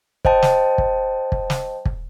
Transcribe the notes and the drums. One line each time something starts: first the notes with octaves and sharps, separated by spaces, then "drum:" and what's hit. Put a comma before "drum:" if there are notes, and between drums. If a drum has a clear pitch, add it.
C5 D#5 G5 A5, drum: kick
drum: snare
drum: kick
drum: kick
drum: snare
drum: kick